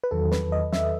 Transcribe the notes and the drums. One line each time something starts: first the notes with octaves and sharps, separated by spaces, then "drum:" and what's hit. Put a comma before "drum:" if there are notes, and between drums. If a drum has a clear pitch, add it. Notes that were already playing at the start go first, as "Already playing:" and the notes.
B4
E2 D#3 F#3 A4
B4, drum: snare
D#5
E5, drum: snare